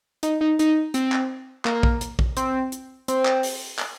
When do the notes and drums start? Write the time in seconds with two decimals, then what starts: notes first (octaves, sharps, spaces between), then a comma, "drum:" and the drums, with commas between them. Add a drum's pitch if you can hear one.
0.23 D#4, drum: hi-hat
0.41 D#4
0.59 D#4, drum: hi-hat
0.94 C4, drum: hi-hat
1.12 drum: clap
1.65 A#3, drum: clap
1.83 drum: kick
2.01 drum: hi-hat
2.19 drum: kick
2.37 C4, drum: hi-hat
2.72 drum: hi-hat
3.08 C4, drum: hi-hat
3.25 drum: clap
3.43 drum: open hi-hat
3.79 drum: clap